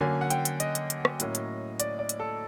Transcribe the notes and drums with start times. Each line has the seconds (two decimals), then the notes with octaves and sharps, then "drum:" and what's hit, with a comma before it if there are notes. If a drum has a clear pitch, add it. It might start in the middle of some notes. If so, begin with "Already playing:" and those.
0.01 D3 F#3 A#3 C#4 G#5
0.21 F#5
0.30 G5, drum: hi-hat
0.45 drum: hi-hat
0.60 D#5, drum: hi-hat
0.75 drum: hi-hat
0.90 drum: hi-hat
1.05 drum: rim click
1.20 A2 F#3 A#3 C#4, drum: hi-hat
1.35 drum: hi-hat
1.80 D5, drum: hi-hat
1.99 D5
2.09 drum: hi-hat
2.20 A4